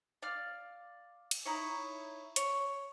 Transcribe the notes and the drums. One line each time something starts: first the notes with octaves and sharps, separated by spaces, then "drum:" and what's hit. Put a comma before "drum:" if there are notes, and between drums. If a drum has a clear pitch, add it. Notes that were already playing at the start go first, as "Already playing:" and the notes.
D5 F5 F6
drum: cymbal
D#4 E4 C#5
C#5, drum: hi-hat